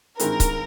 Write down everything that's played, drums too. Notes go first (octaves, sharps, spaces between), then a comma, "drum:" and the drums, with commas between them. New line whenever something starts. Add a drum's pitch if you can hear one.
G2 D#3 G#3 C4 E4 A#4, drum: hi-hat
drum: kick C#1, hi-hat